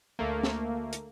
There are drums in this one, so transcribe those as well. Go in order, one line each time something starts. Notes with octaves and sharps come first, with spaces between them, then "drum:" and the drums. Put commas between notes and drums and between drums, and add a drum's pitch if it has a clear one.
D2 A3 A#3
drum: snare
drum: hi-hat